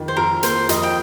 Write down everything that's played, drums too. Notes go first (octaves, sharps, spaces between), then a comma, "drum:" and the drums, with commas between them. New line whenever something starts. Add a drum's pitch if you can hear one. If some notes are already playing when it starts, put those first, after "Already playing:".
Already playing: F2 D#3
C5
F2 A#4
A#3 C5, drum: hi-hat
F2 D#5, drum: hi-hat
G5